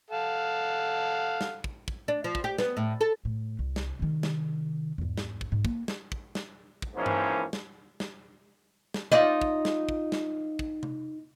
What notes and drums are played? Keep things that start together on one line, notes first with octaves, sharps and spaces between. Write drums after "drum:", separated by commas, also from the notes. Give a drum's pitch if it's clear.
A4 F5 F#5
drum: snare
drum: kick
drum: kick
D4
F3
drum: kick
G4
B3, drum: snare
A2
A4
A2
C2
drum: snare
C3 D#3
drum: snare
E2 G#2
drum: snare
drum: kick
G#2
A#3, drum: kick
drum: snare
drum: kick
drum: snare
drum: kick
G#1 G#2 E3 A#3 C#4 C5
drum: tom G2
drum: snare
drum: snare
drum: snare
D#4 F4 D5
drum: kick
drum: snare
drum: kick
drum: snare
drum: kick
drum: tom C3